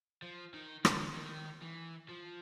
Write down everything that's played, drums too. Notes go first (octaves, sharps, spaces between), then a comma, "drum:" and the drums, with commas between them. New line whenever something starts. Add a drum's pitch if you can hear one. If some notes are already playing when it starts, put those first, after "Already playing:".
F3
D#3
D3, drum: rim click
D#3
E3
F3